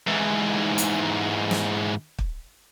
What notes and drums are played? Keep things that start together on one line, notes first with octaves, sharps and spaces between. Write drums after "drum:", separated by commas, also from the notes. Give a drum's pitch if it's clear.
G#2 E3
drum: hi-hat
drum: snare
drum: kick